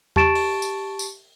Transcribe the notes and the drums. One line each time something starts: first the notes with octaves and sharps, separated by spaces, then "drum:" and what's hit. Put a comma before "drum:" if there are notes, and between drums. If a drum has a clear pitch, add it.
G4 A5 C#6 A6 D7 E7, drum: tom E2
drum: open hi-hat
drum: tambourine
drum: tambourine